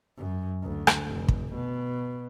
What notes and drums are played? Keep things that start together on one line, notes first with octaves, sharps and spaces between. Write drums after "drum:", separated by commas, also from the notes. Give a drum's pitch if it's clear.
F#2
D2
drum: rim click
F1
drum: kick
B2